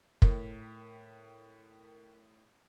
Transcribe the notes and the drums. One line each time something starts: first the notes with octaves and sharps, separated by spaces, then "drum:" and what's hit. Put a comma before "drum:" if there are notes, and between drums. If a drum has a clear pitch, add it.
A2 A#4 G5 B6, drum: kick